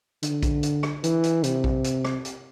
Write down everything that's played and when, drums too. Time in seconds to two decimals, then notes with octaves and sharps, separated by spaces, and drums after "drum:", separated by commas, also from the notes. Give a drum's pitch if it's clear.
0.23 D3, drum: hi-hat
0.43 drum: kick A#1, hi-hat
0.63 drum: hi-hat
0.83 drum: rim click
1.04 E3, drum: hi-hat
1.24 drum: hi-hat
1.44 C3, drum: hi-hat
1.64 drum: kick A#1
1.84 drum: hi-hat
2.05 drum: rim click
2.25 drum: hi-hat